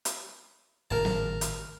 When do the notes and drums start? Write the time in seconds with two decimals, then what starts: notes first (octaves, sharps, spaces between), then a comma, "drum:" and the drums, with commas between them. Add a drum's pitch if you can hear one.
0.05 drum: hi-hat
0.91 G#1 A2 C#3 A#4 A5
1.05 drum: snare
1.41 drum: hi-hat